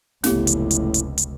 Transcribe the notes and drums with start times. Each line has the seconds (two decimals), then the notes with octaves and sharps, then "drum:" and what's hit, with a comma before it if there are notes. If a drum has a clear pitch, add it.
0.24 F1 C#2 A2 B3 G4, drum: snare
0.47 drum: hi-hat
0.71 drum: hi-hat
0.94 drum: hi-hat
1.18 drum: hi-hat